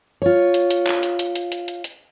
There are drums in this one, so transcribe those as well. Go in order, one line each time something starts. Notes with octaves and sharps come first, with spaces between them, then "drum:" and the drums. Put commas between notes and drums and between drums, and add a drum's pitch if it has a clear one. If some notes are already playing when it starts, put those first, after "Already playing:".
F4 C#5
drum: hi-hat
drum: hi-hat
drum: clap
drum: hi-hat
drum: hi-hat
drum: hi-hat
drum: hi-hat
drum: hi-hat
drum: hi-hat